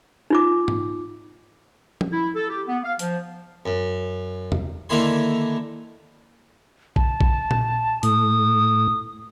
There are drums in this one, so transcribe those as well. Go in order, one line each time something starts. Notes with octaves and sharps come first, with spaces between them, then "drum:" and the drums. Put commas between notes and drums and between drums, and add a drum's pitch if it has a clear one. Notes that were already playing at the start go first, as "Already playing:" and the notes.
D#4 F4 D6
drum: tom G#2
drum: tom F3
E4
A4
G4
B3
F5
F3, drum: hi-hat
F#2
drum: tom E2
D3 D#3 A#3 E4 G#5 C6
A5, drum: kick A#1
drum: kick A#1
drum: tom A#2
A2 D#6, drum: hi-hat